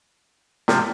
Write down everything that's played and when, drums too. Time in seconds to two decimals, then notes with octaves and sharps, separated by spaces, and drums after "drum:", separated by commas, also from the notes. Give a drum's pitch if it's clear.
0.68 C3 F3, drum: snare